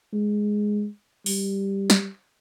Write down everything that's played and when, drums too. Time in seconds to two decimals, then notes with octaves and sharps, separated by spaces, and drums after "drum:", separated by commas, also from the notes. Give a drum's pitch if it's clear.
0.13 G#3
1.26 G3, drum: open hi-hat
1.90 drum: snare